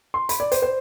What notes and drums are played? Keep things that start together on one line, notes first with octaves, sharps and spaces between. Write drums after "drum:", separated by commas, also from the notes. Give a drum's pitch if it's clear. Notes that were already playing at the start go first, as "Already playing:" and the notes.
C6
B5, drum: hi-hat
D5
C5, drum: hi-hat
C5